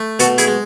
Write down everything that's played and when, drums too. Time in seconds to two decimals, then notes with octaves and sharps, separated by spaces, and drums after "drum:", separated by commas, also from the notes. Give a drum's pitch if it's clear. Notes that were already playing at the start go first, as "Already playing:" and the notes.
Already playing: A3
0.19 B2 F#4 A4, drum: hi-hat
0.38 E4 G#4, drum: hi-hat
0.48 G#3